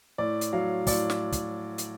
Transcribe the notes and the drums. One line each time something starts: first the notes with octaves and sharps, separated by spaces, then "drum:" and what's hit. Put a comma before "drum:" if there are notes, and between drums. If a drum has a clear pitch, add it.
A2 D5
drum: hi-hat
F#3 F5
A2 D5, drum: kick, open hi-hat
drum: snare
drum: kick, hi-hat
drum: hi-hat